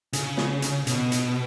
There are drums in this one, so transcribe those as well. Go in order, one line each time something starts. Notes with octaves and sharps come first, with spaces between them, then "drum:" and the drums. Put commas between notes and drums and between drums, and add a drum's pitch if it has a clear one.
C#3, drum: hi-hat
drum: snare
drum: hi-hat
B2, drum: hi-hat
drum: hi-hat